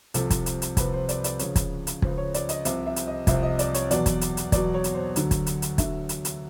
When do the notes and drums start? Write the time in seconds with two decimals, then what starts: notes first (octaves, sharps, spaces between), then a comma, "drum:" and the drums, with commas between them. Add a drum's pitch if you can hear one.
0.14 C2 C3 F3 A4, drum: hi-hat
0.30 drum: kick, hi-hat
0.46 drum: hi-hat
0.62 drum: hi-hat
0.77 C2 C3 F3 B4, drum: kick, hi-hat
0.93 C5
1.09 D5, drum: hi-hat
1.24 D5, drum: hi-hat
1.39 C#2 C#3 F3 C#5, drum: hi-hat
1.56 drum: kick, hi-hat
1.87 drum: hi-hat
2.02 C#2 C#3 F3 C5, drum: kick
2.17 C#5
2.34 D5, drum: hi-hat
2.49 D#5, drum: hi-hat
2.65 C2 C3 F3 E5, drum: hi-hat
2.86 E5
2.96 drum: hi-hat
3.07 D#5
3.27 C2 C3 F3 E5, drum: kick, hi-hat
3.43 D#5
3.59 D5, drum: hi-hat
3.74 C#5, drum: hi-hat
3.91 E2 B2 F#3 D5, drum: hi-hat
4.06 drum: kick, hi-hat
4.21 drum: hi-hat
4.37 drum: hi-hat
4.52 E2 B2 F#3 D5, drum: kick, hi-hat
4.74 C#5
4.84 drum: hi-hat
4.95 C5
5.16 D2 D3 F#3, drum: hi-hat
5.31 drum: kick, hi-hat
5.46 drum: hi-hat
5.62 drum: hi-hat
5.78 D2 D3 F#3 E5, drum: kick, hi-hat
6.09 drum: hi-hat
6.25 drum: hi-hat